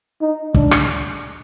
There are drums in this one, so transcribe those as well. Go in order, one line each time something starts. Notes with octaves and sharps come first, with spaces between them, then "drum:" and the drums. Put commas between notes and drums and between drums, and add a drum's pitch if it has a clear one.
D#4
D4, drum: kick
drum: rim click